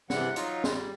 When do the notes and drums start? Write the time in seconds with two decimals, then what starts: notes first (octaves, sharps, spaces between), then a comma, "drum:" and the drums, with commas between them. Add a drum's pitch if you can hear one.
0.10 C3 E3 G3 F#5, drum: snare
0.36 F#3 D#4 F4, drum: hi-hat
0.64 G3, drum: snare